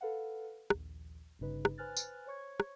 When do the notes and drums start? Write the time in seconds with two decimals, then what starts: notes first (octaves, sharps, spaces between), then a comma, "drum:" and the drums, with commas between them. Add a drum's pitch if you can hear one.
0.01 A4 B4 F5 F#5
0.70 A#1 D#2, drum: rim click
1.39 G1 G2 C#3 D#4 B4
1.65 drum: rim click
1.78 B4 C5 G#5 F6 F#6 A6
1.97 drum: tambourine
2.26 C5 C#5 C#6 G#6
2.60 drum: rim click